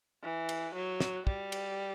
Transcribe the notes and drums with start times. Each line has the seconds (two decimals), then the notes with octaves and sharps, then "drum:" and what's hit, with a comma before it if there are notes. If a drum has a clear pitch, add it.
0.23 E3
0.49 drum: cymbal
0.75 F#3
1.00 drum: snare
1.27 G3, drum: kick
1.52 drum: cymbal